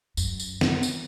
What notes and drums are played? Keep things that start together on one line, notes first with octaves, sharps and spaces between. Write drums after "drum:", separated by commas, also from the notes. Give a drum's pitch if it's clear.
F#2, drum: tambourine
drum: tambourine
drum: snare
drum: tambourine